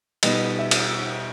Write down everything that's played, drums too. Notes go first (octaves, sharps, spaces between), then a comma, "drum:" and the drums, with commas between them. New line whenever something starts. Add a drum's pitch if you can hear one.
B2 G3 B3 D#4 D#5, drum: cymbal
E5
drum: cymbal